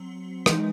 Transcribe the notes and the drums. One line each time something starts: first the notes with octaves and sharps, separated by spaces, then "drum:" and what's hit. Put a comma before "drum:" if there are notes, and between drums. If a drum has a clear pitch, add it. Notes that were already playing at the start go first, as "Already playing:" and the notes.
Already playing: F#3 C4
E3 G#3 D#4, drum: rim click